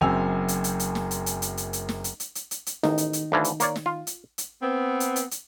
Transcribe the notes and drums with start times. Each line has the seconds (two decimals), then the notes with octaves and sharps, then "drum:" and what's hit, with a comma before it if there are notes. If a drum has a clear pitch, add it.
0.01 F#1 F#2 C4 G#5 E6 F7
0.48 drum: hi-hat
0.64 drum: hi-hat
0.80 drum: hi-hat
0.95 drum: snare
1.11 drum: hi-hat
1.26 drum: hi-hat
1.42 drum: hi-hat
1.57 drum: hi-hat
1.73 drum: hi-hat
1.89 drum: snare
2.04 drum: hi-hat
2.20 drum: hi-hat
2.35 drum: hi-hat
2.51 drum: hi-hat
2.66 drum: hi-hat
2.83 A1 D#3 D#4, drum: snare
2.98 drum: hi-hat
3.13 drum: hi-hat
3.32 D2 E3 F3
3.44 drum: hi-hat
3.60 A#3 C#5 D5, drum: hi-hat
3.76 drum: snare
3.86 F4
4.07 drum: hi-hat
4.38 drum: hi-hat
4.62 B3 C4
5.00 drum: hi-hat
5.16 drum: hi-hat
5.31 drum: hi-hat